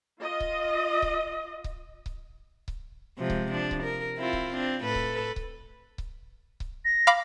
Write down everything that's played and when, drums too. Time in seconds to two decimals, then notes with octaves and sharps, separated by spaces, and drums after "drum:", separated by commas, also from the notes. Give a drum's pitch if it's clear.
0.20 F4 D#5
0.40 drum: kick C#1
1.02 drum: kick C#1
1.64 drum: kick C#1
2.06 drum: kick C#1
2.68 drum: kick C#1
3.18 C3 F3 G#3
3.30 drum: kick C#1
3.51 F3 D4
3.71 drum: kick C#1
3.83 A#4
4.17 C4 E4 F4
4.33 drum: kick C#1
4.54 C4 D4
4.83 A2 A4 B4
4.95 drum: kick C#1
5.36 drum: kick C#1
5.98 drum: kick C#1
6.60 drum: kick C#1
6.85 A#6
7.07 F5 B5 D6